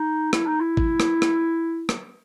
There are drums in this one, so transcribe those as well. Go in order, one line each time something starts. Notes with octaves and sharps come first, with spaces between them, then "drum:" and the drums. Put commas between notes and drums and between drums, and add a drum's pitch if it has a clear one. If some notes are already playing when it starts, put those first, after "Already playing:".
Already playing: D#4
E4, drum: rim click
D#4
E4
drum: kick
drum: rim click
drum: rim click
drum: rim click